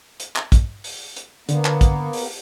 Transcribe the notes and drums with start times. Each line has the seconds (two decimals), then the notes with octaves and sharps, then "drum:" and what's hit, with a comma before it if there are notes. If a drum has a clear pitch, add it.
0.20 drum: hi-hat
0.36 drum: clap
0.52 drum: kick, hi-hat
0.84 drum: open hi-hat
1.16 drum: hi-hat
1.49 D3 A#3 B3, drum: hi-hat
1.65 drum: clap
1.81 drum: kick, hi-hat
2.13 drum: open hi-hat